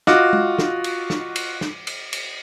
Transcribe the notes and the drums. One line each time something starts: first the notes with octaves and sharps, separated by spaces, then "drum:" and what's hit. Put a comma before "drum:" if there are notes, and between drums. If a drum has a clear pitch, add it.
F4 F#4 D#5 D6, drum: snare
drum: tom G#3
drum: snare
drum: cymbal
drum: snare
drum: cymbal
drum: snare
drum: cymbal
drum: cymbal